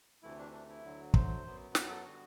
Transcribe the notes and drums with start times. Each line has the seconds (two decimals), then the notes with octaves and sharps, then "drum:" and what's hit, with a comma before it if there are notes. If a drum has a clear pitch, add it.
0.23 D2 C3 E3 A3 E4
0.38 D4
0.53 D4
0.69 E4
0.84 D2 D3 F#3
1.14 C5, drum: kick
1.44 F#2 F#3 B3
1.75 B4, drum: snare
1.90 A4
2.05 D3 G3 B3 F#4